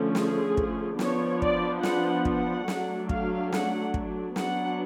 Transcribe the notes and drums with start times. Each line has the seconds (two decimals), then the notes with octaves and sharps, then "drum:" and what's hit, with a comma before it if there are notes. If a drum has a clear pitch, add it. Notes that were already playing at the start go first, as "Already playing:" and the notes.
Already playing: D3 F3 A3 C#4
0.15 G#4, drum: snare
0.57 drum: kick
0.99 F3 B3 D4 C#5, drum: snare
1.42 D5, drum: kick
1.83 F#5, drum: snare
2.25 F#5, drum: kick
2.68 F#3 A3 D4, drum: snare
3.09 F5, drum: kick
3.52 F#5, drum: snare
3.94 drum: kick
4.36 F#3 B3 D4 F#5, drum: snare